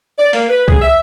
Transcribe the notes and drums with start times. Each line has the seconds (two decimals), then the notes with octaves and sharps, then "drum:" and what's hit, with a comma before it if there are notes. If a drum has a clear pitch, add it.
0.19 D5
0.33 A#3, drum: open hi-hat
0.49 B4
0.68 G#4, drum: kick
0.82 E5